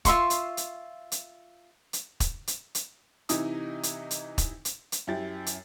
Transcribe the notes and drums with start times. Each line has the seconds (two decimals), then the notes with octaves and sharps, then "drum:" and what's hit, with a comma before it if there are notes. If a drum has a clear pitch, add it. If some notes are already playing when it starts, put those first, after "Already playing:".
0.05 F4 E5 C6 C#6, drum: kick, hi-hat
0.30 drum: hi-hat
0.57 drum: hi-hat
1.12 drum: hi-hat
1.93 drum: hi-hat
2.20 drum: kick, hi-hat
2.47 drum: hi-hat
2.75 drum: hi-hat
3.29 C3 E3 D#4 E4 D#6, drum: hi-hat
3.83 drum: hi-hat
4.11 drum: hi-hat
4.38 drum: kick, hi-hat
4.65 drum: hi-hat
4.92 drum: hi-hat
5.07 F#2 E4 G4 A6
5.46 drum: hi-hat